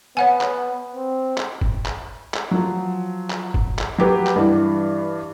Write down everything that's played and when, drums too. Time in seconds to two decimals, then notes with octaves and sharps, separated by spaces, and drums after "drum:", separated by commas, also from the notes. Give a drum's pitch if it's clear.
0.17 B3 C#5 F#5 G#5
0.41 drum: clap
0.95 C4
1.37 drum: clap
1.61 drum: kick
1.86 drum: clap
2.34 drum: clap
2.51 F3 F#3
3.30 drum: clap
3.54 drum: kick
3.78 drum: clap
3.98 F#3 G4 B4
4.27 drum: clap
4.36 G2 E3